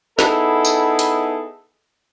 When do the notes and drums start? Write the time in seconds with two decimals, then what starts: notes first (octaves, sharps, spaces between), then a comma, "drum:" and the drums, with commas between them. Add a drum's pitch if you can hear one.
0.19 B3 D#4 E4 G#4 A4, drum: snare
0.65 drum: tambourine
0.99 drum: hi-hat